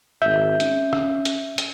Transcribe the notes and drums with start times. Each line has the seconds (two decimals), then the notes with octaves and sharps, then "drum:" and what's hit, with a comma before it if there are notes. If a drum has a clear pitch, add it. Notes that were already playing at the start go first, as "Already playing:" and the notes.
0.22 G#1 E5 G6
0.60 C#4, drum: hi-hat
0.93 drum: rim click
1.25 drum: hi-hat
1.58 drum: hi-hat